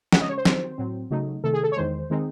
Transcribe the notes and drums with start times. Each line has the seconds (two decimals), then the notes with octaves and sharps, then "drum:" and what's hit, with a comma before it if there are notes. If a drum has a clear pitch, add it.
0.13 C#3 G#3 C#4 F#5, drum: snare
0.21 D#5
0.29 C#5
0.38 C5
0.45 D#3 F#3 C4, drum: snare
0.78 A2 F#3 C4
1.11 C#3 F#3 A3 D#4
1.44 C3 D#3 A3 A4
1.54 G#4
1.63 A4
1.72 C#5
1.77 E2 D#3 G#3 C5
2.10 D#3 G#3 C4 D#4